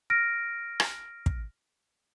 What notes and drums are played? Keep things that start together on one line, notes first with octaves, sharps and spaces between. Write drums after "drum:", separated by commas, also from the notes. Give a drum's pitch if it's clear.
F6 A#6 D7
drum: rim click
drum: kick